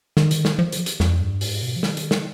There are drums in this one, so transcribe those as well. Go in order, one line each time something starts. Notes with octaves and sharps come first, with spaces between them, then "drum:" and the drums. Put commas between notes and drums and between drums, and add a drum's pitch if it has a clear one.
D#3, drum: snare
drum: hi-hat
drum: snare
F3
drum: hi-hat
drum: hi-hat
F2, drum: snare
G2
G#2, drum: open hi-hat
B2
F3
D#3, drum: snare
drum: hi-hat
drum: snare